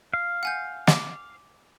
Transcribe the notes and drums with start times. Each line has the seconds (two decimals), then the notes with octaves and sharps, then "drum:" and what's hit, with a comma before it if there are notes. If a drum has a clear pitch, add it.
0.14 F5
0.43 F#5 G#5 G6
0.87 D6, drum: snare